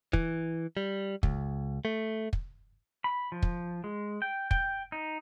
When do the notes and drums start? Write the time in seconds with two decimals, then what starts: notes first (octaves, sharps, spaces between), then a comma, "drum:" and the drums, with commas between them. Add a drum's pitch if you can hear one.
0.13 E3, drum: kick
0.77 G3
1.23 C#2, drum: kick
1.85 A3
2.33 drum: kick
3.04 B5
3.32 F3
3.42 drum: kick
3.84 G#3
4.22 G5
4.51 G5, drum: kick
4.92 D#4